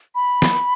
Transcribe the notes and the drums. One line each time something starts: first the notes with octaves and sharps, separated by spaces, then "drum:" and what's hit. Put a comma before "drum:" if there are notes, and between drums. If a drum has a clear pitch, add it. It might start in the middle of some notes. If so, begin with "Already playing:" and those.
B5
drum: snare